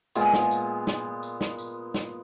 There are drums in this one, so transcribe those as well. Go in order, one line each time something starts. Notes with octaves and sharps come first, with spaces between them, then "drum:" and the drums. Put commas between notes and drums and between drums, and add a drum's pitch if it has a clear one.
A#2 G#3 B3 G#4, drum: tambourine
drum: snare
drum: tambourine
drum: snare
drum: tambourine
drum: snare
drum: tambourine
drum: snare